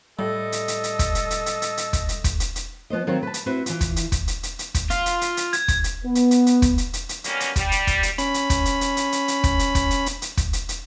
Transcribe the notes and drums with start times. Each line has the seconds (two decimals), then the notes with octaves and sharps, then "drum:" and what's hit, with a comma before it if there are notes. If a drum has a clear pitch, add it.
0.19 A2 G3 A4 D#5
0.52 drum: hi-hat
0.68 drum: hi-hat
0.84 drum: hi-hat
0.99 drum: kick, hi-hat
1.15 drum: hi-hat
1.30 drum: hi-hat
1.46 drum: hi-hat
1.62 drum: hi-hat
1.77 drum: hi-hat
1.93 drum: kick, hi-hat
2.09 drum: hi-hat
2.24 drum: kick, hi-hat
2.40 drum: hi-hat
2.56 drum: hi-hat
2.90 F3 B3 C5 D#5
3.07 D#3 F#3 C4 F4 C5 C#5
3.23 B4 A5
3.34 drum: hi-hat
3.46 C4 E4 F#4 B4 C5
3.66 E3 F4, drum: hi-hat
3.81 drum: kick, hi-hat
3.96 drum: hi-hat
4.12 drum: kick, hi-hat
4.28 drum: hi-hat
4.43 drum: hi-hat
4.59 drum: hi-hat
4.74 drum: kick, hi-hat
4.90 F4, drum: hi-hat
5.06 drum: hi-hat
5.21 drum: hi-hat
5.37 drum: hi-hat
5.53 G#6, drum: hi-hat
5.68 drum: kick, hi-hat
5.84 drum: hi-hat
6.05 B3
6.15 drum: hi-hat
6.31 drum: hi-hat
6.46 drum: hi-hat
6.62 drum: kick, hi-hat
6.78 drum: hi-hat
6.93 drum: hi-hat
7.09 drum: hi-hat
7.24 B2 F#3 G3 A#3 C#4, drum: hi-hat
7.40 drum: hi-hat
7.56 G3, drum: kick, hi-hat
7.72 drum: hi-hat
7.87 drum: kick, hi-hat
8.03 drum: hi-hat
8.18 C#4 B5, drum: hi-hat
8.34 drum: hi-hat
8.50 drum: kick, hi-hat
8.65 drum: hi-hat
8.81 drum: hi-hat
8.97 drum: hi-hat
9.12 drum: hi-hat
9.28 drum: hi-hat
9.44 drum: kick, hi-hat
9.59 drum: hi-hat
9.75 drum: kick, hi-hat
9.91 drum: hi-hat
10.06 drum: hi-hat
10.22 drum: hi-hat
10.37 drum: kick, hi-hat
10.53 drum: hi-hat
10.69 drum: hi-hat